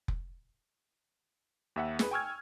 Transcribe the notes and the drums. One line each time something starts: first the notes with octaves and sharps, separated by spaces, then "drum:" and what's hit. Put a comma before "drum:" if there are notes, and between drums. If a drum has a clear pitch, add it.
drum: kick F1
D#2 E5 F#5
G#4 B4, drum: snare
G5 G#5 C#6 E6 F6 G#6